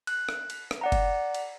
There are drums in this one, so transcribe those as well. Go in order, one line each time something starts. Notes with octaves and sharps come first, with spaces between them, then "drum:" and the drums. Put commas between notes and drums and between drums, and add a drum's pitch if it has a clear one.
F#6, drum: cymbal
drum: rim click
drum: cymbal
drum: rim click
D5 F#5 A#5
drum: kick F#1, cymbal
drum: cymbal